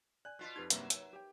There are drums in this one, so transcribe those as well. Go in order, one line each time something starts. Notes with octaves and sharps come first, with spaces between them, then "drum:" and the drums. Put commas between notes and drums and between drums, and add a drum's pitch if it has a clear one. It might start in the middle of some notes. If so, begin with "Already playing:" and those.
D5 G#5 F#6
B2 F4 F#6 B6
F2 D#4 G4 B4 G#6
G2 C3 F#3 A#3 A#4 B4 E5, drum: hi-hat
C#5 G#5 E6, drum: hi-hat
G4 G5